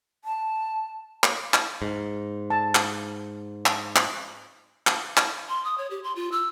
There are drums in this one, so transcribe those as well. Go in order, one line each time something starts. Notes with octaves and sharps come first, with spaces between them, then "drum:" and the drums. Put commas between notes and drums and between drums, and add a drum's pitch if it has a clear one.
A5
drum: clap
drum: clap
G#2
A5
drum: clap
drum: clap
drum: clap
drum: clap
drum: clap
C6
D#6
C#5
G4
C6
F4
E6